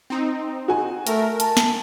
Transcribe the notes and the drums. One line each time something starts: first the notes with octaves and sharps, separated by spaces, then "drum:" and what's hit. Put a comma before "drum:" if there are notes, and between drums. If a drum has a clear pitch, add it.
C4 D#4
F#4 G#5
A3 A#4, drum: hi-hat
A5, drum: hi-hat
drum: snare